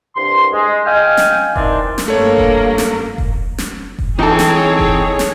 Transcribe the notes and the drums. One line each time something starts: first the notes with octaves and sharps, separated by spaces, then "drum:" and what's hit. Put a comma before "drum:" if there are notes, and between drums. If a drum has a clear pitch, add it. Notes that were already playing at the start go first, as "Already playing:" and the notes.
C2 G2 C6
G#3
D#5 F5 G5 G#5 F6
drum: snare
D#3 E3 C4 D4, drum: kick F1
drum: snare
G2 A3 A#3 C#5
drum: kick F1
drum: snare
drum: kick F1
drum: snare
drum: kick F1
E3 C4 D#4 G#4 A4 C#5 G5
drum: snare
drum: kick F1
drum: snare